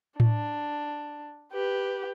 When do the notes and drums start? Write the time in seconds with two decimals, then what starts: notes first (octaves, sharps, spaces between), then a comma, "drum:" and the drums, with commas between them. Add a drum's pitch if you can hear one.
0.20 D4, drum: tom A2
1.53 G4 B4